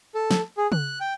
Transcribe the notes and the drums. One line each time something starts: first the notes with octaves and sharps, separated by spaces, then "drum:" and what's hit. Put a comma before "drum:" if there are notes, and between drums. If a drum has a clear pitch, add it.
A4
drum: snare
G#4
F#6, drum: tom C#3
G5